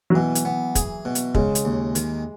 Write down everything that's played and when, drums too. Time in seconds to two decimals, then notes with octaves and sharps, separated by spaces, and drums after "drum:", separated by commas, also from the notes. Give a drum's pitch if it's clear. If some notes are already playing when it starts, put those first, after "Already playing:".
0.10 F#3
0.15 B2 E3
0.35 drum: hi-hat
0.45 B3
0.75 G#4, drum: kick, hi-hat
1.05 B2
1.15 drum: hi-hat
1.35 C#3 G#3, drum: kick
1.55 drum: hi-hat
1.65 D#2
1.95 D#3, drum: hi-hat